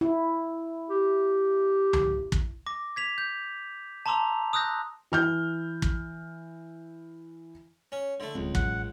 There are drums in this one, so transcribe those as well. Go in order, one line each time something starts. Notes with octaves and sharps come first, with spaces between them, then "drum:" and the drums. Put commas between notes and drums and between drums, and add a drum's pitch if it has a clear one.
E4
G4
drum: tom C#2
drum: kick
D6 A#6
G#6 B6 F7
G6
A5 A#5 C6 D6 E6 F7
D#6 E6 F#6 G6 A#6
E3 F6 G6
drum: kick
C#4
D3 A3
D1 C#2 C4
A1 F#3 F#5, drum: kick